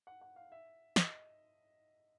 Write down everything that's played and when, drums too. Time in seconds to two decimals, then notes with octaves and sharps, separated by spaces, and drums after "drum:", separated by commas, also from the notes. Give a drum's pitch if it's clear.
0.07 F#5
0.21 F#5
0.36 F5
0.52 E5
0.96 D#5, drum: snare